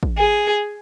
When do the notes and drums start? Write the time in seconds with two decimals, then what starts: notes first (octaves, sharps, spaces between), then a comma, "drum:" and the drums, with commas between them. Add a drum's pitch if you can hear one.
0.03 drum: kick
0.17 G#4